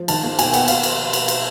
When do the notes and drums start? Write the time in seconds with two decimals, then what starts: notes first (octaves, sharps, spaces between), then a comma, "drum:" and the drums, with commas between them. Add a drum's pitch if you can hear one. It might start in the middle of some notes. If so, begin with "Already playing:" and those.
Already playing: F3
0.08 D#3 A5, drum: cymbal
0.24 A#3
0.39 B2 G#5, drum: cymbal
0.47 G5
0.54 B3 F#5, drum: cymbal
0.68 F5, drum: cymbal
0.83 drum: cymbal
1.13 drum: cymbal
1.28 drum: cymbal